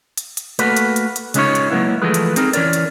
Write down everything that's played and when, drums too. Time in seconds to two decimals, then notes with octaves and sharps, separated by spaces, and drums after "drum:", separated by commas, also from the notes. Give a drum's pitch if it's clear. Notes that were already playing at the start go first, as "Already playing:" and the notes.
0.17 drum: hi-hat
0.37 drum: hi-hat
0.59 A3 A#3 F#4 B4, drum: hi-hat
0.76 drum: hi-hat
0.96 drum: hi-hat
1.16 drum: hi-hat
1.34 C#3 G#3 C#4 D#4 F4 C#5, drum: hi-hat
1.55 drum: hi-hat
1.70 F#3 G#3 A#3 B3 E4
2.02 E3 F3 G#3 A3 G#4 B4
2.14 drum: hi-hat
2.36 C4 D#4 G#4 A#4, drum: hi-hat
2.53 E3 C#4 A#4 D5, drum: hi-hat
2.73 drum: hi-hat